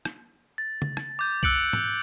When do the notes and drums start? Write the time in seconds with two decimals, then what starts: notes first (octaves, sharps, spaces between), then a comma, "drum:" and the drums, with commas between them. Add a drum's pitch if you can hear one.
0.05 drum: rim click
0.58 A6
0.82 drum: tom C#3
0.97 drum: rim click
1.19 D6 G6
1.43 E6 F#6 C#7 D7 F#7, drum: kick B1
1.73 drum: tom G#2